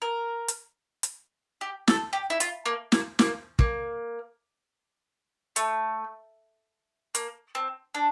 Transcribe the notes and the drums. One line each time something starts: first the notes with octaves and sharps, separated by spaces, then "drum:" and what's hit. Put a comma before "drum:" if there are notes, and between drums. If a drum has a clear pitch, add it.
A#4
drum: hi-hat
drum: hi-hat
G4
A4, drum: snare
G4
E4
F4, drum: hi-hat
A#3
A#3, drum: snare
A#3, drum: snare
A#3, drum: kick
A3, drum: hi-hat
A#3, drum: hi-hat
C4
D4